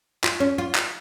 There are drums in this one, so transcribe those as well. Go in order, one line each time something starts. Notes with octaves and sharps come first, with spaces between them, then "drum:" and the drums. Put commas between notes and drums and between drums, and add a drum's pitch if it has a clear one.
F4, drum: clap
C#4
F4
drum: clap